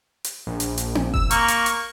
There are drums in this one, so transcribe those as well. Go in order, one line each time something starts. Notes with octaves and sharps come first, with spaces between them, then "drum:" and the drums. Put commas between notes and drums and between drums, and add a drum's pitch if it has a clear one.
drum: hi-hat
A#1
drum: hi-hat
drum: hi-hat
drum: tom C4
E6, drum: kick F#1
A#3 C#6, drum: hi-hat
drum: hi-hat
drum: hi-hat